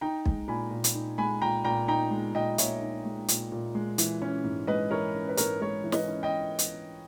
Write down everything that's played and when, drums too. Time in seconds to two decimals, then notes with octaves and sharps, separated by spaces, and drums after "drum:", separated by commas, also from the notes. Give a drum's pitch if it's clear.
0.01 D#4 G5 A#5
0.26 G#3, drum: kick
0.48 A#2 G#5 B5
0.71 A#2
0.84 drum: hi-hat
0.95 D#4
1.18 G#3 G#5 B5
1.42 A#2 G5 A#5
1.65 A#2 G5 A#5
1.88 D#4 G5 A#5
2.11 G#3
2.34 A#2 D#5 G5
2.58 A#2 C#5 E5, drum: hi-hat
2.81 D#4
3.05 G#3
3.28 A#2, drum: hi-hat
3.52 A#2
3.75 G#3
3.98 E3, drum: hi-hat
4.22 C#4
4.44 G#2
4.67 G#3 B4 D#5
4.91 E3 A#4 C#5
5.15 C#4
5.29 B4
5.37 G#2 A#4 C#5, drum: hi-hat
5.61 G#3 A#4 C#5
5.84 E3
5.92 B4 D#5, drum: snare
6.09 C#4
6.23 D#5 G5
6.59 drum: hi-hat